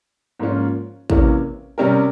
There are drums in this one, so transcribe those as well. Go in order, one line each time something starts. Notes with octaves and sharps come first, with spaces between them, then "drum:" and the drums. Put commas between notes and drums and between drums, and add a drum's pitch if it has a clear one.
G#2 F3 A#3 C#4 F4
C3 E3 A#3 C#4, drum: kick A1
C3 G3 C#4 G4 A#4